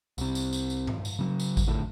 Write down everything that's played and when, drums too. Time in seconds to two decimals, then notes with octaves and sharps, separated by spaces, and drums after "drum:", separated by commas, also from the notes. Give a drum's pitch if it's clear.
0.18 C2 C3, drum: tambourine
0.35 drum: tambourine
0.53 drum: tambourine
0.70 drum: tambourine
0.87 drum: tom G2
1.05 drum: tambourine
1.19 C#3 F#3
1.40 drum: tambourine
1.57 drum: kick G#1, tambourine
1.67 A#1 A2 D3